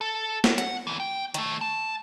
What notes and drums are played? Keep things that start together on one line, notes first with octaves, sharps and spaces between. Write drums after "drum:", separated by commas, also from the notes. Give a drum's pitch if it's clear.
A4
drum: snare
F#5, drum: hi-hat
D2 E3
G5
D#3 A3, drum: hi-hat
A5